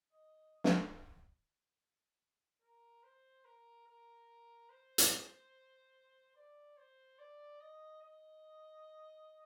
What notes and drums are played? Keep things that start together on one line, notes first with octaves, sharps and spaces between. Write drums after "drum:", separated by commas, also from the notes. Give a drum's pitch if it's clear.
D#5
drum: snare
A#4
C5
A#4
A#4
C5
drum: hi-hat
D5
C5
D5
D#5
D#5